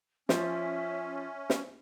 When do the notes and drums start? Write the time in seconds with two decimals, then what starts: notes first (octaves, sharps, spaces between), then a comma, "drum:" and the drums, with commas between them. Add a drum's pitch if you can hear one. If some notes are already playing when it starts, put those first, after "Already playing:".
0.29 F3 C#4 E5, drum: snare
1.50 drum: snare